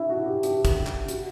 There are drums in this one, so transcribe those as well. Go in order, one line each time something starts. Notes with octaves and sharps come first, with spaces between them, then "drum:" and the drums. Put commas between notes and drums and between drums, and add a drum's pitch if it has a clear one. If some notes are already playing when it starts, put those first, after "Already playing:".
Already playing: D4 E4
F#4
G4
G4, drum: hi-hat
drum: kick, hi-hat
drum: clap
F#4, drum: hi-hat